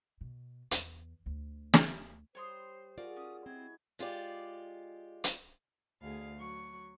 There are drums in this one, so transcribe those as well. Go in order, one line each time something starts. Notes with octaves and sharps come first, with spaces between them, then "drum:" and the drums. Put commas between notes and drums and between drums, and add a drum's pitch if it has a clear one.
B2
E2, drum: hi-hat
D2
drum: snare
G3 C5 C#5 C6 D#6
F4 F#4 G#4 A#4 D5
C#4 D#6
C4 E4 D#5 G#6
G#3 F4 G4 D5
drum: hi-hat
D2 G#4 F5
F#3 C#6